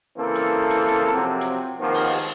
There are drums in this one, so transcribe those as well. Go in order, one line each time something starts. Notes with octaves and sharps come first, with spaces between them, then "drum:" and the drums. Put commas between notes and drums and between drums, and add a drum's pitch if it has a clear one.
C#3 E3 A#3 C4 A4
drum: hi-hat
drum: hi-hat
drum: hi-hat
C3 F3 F#3 C4
drum: hi-hat
D#2 D#3 F3 G#3 A#3 B3
drum: open hi-hat
drum: open hi-hat